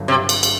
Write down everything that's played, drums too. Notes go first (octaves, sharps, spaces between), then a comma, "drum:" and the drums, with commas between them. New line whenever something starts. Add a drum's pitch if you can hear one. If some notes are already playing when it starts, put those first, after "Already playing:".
Already playing: G1 G2 D3 F#3
C3
drum: cymbal
drum: cymbal